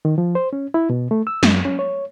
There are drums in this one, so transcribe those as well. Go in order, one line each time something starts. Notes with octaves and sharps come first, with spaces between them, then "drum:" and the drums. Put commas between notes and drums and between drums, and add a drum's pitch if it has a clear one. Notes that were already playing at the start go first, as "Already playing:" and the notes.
D#3
F3
C5
C#4
E4
B2
A3
E6
F#2, drum: snare
C#4
C#5